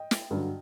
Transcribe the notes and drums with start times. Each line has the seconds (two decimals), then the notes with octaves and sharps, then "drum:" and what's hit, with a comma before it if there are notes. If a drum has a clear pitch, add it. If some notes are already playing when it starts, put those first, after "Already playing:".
Already playing: D#5 G5
0.11 drum: snare
0.31 G2 D3 F#3